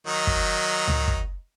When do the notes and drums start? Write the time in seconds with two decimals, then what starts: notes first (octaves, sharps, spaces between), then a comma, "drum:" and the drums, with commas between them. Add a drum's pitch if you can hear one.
0.07 D#3 F#3 D#4
0.27 drum: kick
0.87 drum: tom C#2
1.08 drum: kick